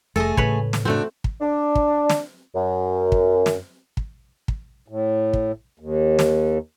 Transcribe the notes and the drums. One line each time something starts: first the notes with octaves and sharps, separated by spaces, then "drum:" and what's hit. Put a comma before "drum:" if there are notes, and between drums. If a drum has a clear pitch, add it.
F1 A3 G#4 A4 D#5
A2 C#3 E3 B4 C#5, drum: kick
drum: snare
A3 C4 D4 F#4
drum: kick
D4
drum: kick
drum: snare
F#2
drum: kick
drum: snare
drum: kick
drum: kick
A2
drum: kick
D#2
drum: snare